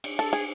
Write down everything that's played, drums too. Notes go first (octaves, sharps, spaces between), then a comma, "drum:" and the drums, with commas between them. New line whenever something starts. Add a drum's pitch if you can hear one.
drum: cymbal
A4, drum: cymbal
G#4, drum: cymbal